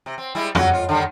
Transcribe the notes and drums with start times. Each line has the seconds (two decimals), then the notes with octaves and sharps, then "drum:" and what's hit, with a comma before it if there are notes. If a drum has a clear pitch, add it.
0.06 C3
0.18 C4
0.35 G3 G#3 E4
0.55 F#3 C#4 F#4, drum: tom F2
0.69 F2 F4
0.89 D3 D#3 G3